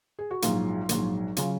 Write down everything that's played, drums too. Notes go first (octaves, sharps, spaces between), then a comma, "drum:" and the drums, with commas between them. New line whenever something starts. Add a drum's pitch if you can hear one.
G#4
F#4
A#1 G#2 F#3 F4, drum: hi-hat
A#1 G#2 F#3, drum: hi-hat
C#3 F#3 F4, drum: hi-hat